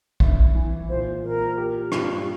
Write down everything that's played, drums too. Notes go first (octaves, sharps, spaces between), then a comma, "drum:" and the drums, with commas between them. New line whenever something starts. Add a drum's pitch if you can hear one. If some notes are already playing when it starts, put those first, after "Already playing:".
E4, drum: kick B1
E3
A#2 C5
A#2 A#4
G4
G2, drum: rim click